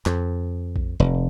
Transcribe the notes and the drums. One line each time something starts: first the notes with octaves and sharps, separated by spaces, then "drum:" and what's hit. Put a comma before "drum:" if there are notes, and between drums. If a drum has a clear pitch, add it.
F2, drum: clap
drum: kick A#1
F1